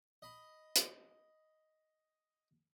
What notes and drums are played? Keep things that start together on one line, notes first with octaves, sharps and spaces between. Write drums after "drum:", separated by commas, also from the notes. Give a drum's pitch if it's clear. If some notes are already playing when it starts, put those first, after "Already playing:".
D#5 B5
drum: hi-hat